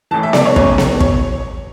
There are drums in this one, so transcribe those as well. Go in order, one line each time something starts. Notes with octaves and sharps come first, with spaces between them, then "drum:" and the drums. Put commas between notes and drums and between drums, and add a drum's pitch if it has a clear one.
A1 A2 E3 A5
E5
D5, drum: snare B3
C#5
G#2 E3 A3 C#4 C#5, drum: kick
drum: snare B3
C#5, drum: kick